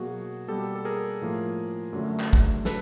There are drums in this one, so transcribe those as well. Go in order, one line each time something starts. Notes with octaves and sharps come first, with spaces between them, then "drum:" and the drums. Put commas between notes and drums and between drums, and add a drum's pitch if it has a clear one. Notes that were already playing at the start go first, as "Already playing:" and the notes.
Already playing: B2 F#3 A#3 F#4 G#4
B2 G3 A#3 G4 A4
A4
G#4 A#4
A2 F3 A#3
F#2 D3 F#3 A3
drum: clap
drum: kick
A4 B4, drum: snare